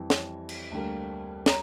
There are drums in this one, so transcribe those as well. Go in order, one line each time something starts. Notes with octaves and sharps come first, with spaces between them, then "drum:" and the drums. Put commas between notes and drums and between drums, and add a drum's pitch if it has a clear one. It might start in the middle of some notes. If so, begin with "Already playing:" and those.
Already playing: F2 E3 G3 C4
drum: snare
drum: cymbal
D2 D3 G3 A#3
A#5, drum: snare